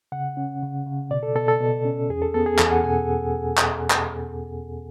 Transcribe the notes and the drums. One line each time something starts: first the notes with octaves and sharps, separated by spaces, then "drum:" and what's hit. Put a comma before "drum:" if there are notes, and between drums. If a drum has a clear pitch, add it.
C#3 F#5
C#4
C#3
C#3
B2 D5
A4
B2 A4
A4
B2
C#4
E2 G#4
A4
B3 A4
G#4
E2 A4, drum: clap
G#5
F#5
B2 G#5
drum: clap
drum: clap